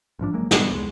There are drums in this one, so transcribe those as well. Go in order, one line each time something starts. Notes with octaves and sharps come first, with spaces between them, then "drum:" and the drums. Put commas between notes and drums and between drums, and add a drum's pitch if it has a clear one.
A1 G#2 F3 D4
G1 F#3 G#3 A#3
F1 G2 G3 B3, drum: snare
F1 C#2 G#3